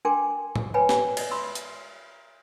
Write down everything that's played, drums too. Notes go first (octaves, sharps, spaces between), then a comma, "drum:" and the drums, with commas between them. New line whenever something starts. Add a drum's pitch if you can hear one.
D4 A#4 G5 G#5 C6 D6
drum: tom A2
B4 C#5 G5 G#5 B5
drum: snare
D5 D#5, drum: cymbal
B5 C6 E6
drum: hi-hat